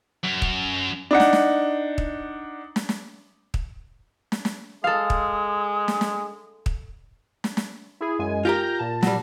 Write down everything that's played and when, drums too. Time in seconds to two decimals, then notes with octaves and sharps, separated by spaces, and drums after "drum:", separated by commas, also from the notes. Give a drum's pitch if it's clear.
0.24 F#2
0.42 drum: kick
1.11 D4 D#4 F#5
1.20 drum: snare
1.33 drum: snare
1.98 drum: kick
2.76 drum: snare
2.89 drum: snare
3.54 drum: kick
4.32 drum: snare
4.45 drum: snare
4.84 G#3 A4 F5 D#6
5.10 drum: kick
5.88 drum: snare
6.01 drum: snare
6.66 drum: kick
7.44 drum: snare
7.57 drum: snare
8.01 E4 G#4
8.19 F#2 G#3 G#5
8.45 F4 G4 A#4 F6 G6 A#6
8.79 A#2 A5
9.03 F#3 G3, drum: snare